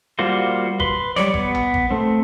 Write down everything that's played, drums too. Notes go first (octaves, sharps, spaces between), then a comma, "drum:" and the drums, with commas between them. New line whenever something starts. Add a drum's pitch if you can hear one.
G3 A#3 F4 F#4 C5
B4 C6, drum: kick G1
G3 C#5 D5, drum: snare
B3, drum: kick G1
drum: tom A#1
drum: kick G1
A3 C4